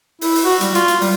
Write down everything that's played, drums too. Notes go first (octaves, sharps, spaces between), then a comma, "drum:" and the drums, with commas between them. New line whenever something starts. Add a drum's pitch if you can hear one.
E4, drum: open hi-hat
drum: open hi-hat
F#4
G3, drum: hi-hat
F4, drum: hi-hat
drum: hi-hat
G3, drum: open hi-hat